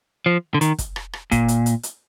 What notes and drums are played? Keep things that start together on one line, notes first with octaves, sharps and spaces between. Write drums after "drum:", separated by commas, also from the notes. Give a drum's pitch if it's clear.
F3
D3
D#3, drum: hi-hat
drum: kick, hi-hat
drum: rim click
drum: rim click
A#2, drum: kick, hi-hat
drum: hi-hat
drum: hi-hat
drum: hi-hat